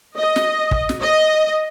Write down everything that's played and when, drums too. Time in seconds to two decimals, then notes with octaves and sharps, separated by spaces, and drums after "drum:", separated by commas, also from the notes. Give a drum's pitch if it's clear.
0.18 D#5
0.36 drum: snare
0.71 drum: kick
0.89 drum: snare
1.01 D#5